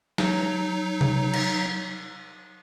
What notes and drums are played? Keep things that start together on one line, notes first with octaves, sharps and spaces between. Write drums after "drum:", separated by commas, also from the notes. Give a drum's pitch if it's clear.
F#3 D#4, drum: snare
drum: tom C3
drum: cymbal